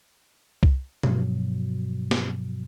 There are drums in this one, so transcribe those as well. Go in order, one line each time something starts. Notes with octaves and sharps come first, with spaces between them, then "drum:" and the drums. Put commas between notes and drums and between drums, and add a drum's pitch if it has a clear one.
drum: kick C2
G2 B2 F3 F#3, drum: tom B2
drum: snare